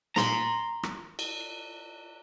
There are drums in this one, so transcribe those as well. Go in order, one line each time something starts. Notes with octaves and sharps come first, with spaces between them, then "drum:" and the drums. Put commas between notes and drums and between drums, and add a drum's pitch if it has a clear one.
A#5 C6, drum: snare
drum: rim click
drum: cymbal